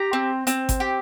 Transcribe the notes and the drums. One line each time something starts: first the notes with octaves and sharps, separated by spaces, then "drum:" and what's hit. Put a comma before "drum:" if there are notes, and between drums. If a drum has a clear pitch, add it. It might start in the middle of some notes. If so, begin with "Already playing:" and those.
Already playing: G4 A#5
C4
C4, drum: hi-hat
drum: kick G#1, hi-hat
G4